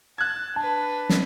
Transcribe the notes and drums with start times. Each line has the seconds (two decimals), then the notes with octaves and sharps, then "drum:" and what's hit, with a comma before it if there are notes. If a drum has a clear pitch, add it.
0.18 A5 F#6 G#6
0.56 D4 B4 A5
1.09 drum: snare